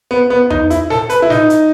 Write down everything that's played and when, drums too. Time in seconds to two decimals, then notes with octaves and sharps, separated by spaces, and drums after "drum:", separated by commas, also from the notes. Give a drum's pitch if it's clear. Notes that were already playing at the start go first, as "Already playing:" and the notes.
0.11 B3
0.30 B3
0.50 D#4, drum: tom E2
0.70 E4, drum: hi-hat
0.90 A4, drum: snare
1.10 B4, drum: hi-hat
1.22 E4
1.30 D#4, drum: snare
1.50 drum: hi-hat